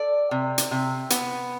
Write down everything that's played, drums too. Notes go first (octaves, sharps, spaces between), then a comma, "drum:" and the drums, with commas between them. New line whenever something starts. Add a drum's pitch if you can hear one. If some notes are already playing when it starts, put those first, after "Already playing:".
Already playing: A4 D5
C3
drum: hi-hat
C3
B3, drum: hi-hat